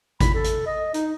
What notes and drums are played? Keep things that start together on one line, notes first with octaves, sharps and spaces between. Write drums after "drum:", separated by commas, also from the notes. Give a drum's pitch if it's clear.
B5, drum: kick G#1, hi-hat
A4
drum: hi-hat
D#5
D#4, drum: hi-hat